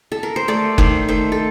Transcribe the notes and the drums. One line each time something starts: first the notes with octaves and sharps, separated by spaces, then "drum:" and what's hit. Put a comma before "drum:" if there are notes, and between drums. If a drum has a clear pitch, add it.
A4
A#4
C5
A3 D5
D#3 C5, drum: kick F#1
A3 C5
A4